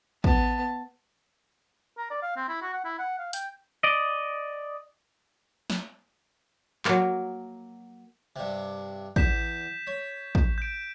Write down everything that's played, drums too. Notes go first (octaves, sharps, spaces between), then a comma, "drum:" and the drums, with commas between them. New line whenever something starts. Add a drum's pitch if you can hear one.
B3 A5, drum: kick
A#4
D5
F5
C4
E4
F#4
F#5
E4
F#5
F5
G5, drum: hi-hat
D5 D#5
drum: snare
F#3 A#3, drum: clap
G2 C3
E2 G6 B6 E7, drum: kick
C#5
drum: kick
G6 D7